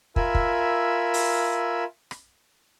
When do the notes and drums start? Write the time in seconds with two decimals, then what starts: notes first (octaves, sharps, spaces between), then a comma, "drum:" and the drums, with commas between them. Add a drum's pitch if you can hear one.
0.16 F4 A#4 E5 G#5 B5 E6, drum: kick
0.35 drum: kick
1.14 drum: open hi-hat
2.11 drum: rim click